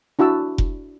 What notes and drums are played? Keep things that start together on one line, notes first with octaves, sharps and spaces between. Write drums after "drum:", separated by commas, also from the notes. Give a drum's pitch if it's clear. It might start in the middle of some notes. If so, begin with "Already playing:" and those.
D4 E4 F#4 A5 E6
drum: kick F1